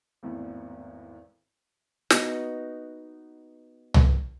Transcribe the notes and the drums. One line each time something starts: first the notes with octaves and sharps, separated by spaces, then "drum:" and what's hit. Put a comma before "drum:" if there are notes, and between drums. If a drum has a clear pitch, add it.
G#1 E2 A2
B3 D#4 F#4, drum: snare
drum: tom C2